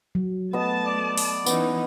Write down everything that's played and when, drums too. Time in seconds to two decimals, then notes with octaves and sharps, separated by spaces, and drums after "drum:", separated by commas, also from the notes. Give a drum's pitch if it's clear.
0.15 F#3
0.53 A3 B3 D#5 A5
0.86 D5
1.18 drum: open hi-hat
1.46 E3 B3 C#4 D#4, drum: tambourine